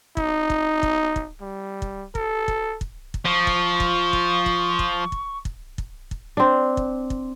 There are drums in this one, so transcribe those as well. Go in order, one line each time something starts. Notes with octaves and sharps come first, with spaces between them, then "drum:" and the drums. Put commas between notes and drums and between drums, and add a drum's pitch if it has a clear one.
D#4, drum: kick
drum: kick
drum: kick
drum: kick
G3
drum: kick
A4, drum: kick
drum: kick
drum: kick
drum: kick
F3 C#6
drum: kick
drum: kick
drum: kick
drum: kick
drum: kick
drum: kick
drum: kick
drum: kick
drum: kick
C4 D4
drum: kick
drum: kick